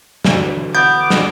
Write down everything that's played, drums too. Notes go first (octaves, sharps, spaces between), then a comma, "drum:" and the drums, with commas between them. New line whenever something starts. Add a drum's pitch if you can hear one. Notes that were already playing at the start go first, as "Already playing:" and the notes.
D3 E3 F#4, drum: snare
B3 D6 G6
drum: snare